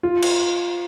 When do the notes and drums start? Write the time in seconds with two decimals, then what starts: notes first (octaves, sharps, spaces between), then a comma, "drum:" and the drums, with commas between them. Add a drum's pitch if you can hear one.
0.03 F4
0.22 drum: cymbal